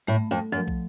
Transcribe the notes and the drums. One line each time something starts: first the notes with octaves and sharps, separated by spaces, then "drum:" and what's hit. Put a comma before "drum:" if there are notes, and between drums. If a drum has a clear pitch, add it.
A2 A3
F2
F#2 F3
drum: kick